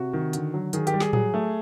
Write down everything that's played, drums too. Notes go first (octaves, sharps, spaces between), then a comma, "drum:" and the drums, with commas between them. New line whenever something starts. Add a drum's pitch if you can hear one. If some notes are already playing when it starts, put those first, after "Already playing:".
Already playing: C3 F#4
D#3
D3, drum: hi-hat
F#3
D#3 G#4, drum: hi-hat
G4, drum: hi-hat
G3
G#4, drum: snare
F#3 G#4, drum: tom A2
A3